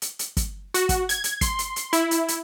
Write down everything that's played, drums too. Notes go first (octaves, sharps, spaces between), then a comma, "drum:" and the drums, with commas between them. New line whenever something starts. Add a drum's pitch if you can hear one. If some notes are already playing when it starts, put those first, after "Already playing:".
drum: hi-hat
drum: hi-hat
drum: kick, hi-hat
F#4, drum: hi-hat
drum: kick, hi-hat
G#6, drum: hi-hat
drum: hi-hat
C6, drum: kick, hi-hat
drum: hi-hat
drum: hi-hat
E4, drum: hi-hat
drum: hi-hat
drum: hi-hat